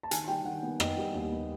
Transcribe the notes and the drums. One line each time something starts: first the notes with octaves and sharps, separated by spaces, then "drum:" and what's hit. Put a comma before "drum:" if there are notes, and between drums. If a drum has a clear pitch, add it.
A5
D#3 G#5, drum: hi-hat
G3 G5
D#3 F#5
B3
B3 D#5, drum: rim click
G3
D#2
B3